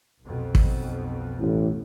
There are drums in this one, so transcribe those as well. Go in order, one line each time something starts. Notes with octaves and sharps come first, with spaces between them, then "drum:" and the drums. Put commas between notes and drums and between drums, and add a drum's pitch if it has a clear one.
B1 F2 B2
drum: kick
A1